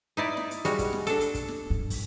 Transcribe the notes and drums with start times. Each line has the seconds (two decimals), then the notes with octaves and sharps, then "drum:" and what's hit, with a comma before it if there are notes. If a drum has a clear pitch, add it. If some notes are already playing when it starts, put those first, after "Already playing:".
0.17 D#4 E4 D5
0.37 drum: snare
0.51 drum: hi-hat
0.65 G3 G#3 F#4, drum: hi-hat
0.79 drum: kick, hi-hat
0.93 drum: snare
1.07 D4 A4, drum: hi-hat
1.21 drum: hi-hat
1.34 drum: kick, hi-hat
1.48 drum: snare
1.70 G2
1.90 drum: kick, open hi-hat